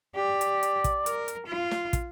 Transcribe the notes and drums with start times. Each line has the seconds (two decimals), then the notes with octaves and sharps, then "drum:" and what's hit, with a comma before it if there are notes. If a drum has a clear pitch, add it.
0.16 G4 D5
0.41 drum: hi-hat
0.63 drum: hi-hat
0.84 drum: kick, hi-hat
1.06 A#4, drum: hi-hat
1.28 drum: hi-hat
1.46 F4
1.71 drum: snare
1.93 drum: kick, hi-hat